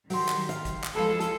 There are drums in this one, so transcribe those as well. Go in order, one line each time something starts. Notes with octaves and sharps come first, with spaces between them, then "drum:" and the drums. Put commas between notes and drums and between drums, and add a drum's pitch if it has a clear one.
D#3 F#3 G4 C6, drum: open hi-hat
drum: clap
F5, drum: hi-hat
drum: kick, hi-hat
drum: clap
F2 F3 G#3 F4 G#4 A4 B4
drum: hi-hat